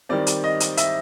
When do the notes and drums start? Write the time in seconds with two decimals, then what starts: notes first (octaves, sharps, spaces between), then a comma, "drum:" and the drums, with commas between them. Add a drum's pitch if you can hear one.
0.09 D#3 G3 C4 D5
0.27 drum: hi-hat
0.44 D#5
0.60 drum: hi-hat
0.77 E5, drum: hi-hat